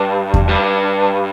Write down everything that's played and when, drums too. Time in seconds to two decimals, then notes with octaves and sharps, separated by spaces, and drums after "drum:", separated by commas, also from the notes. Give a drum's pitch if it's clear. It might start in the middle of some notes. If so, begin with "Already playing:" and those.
Already playing: G2
0.34 drum: kick E2
0.49 G2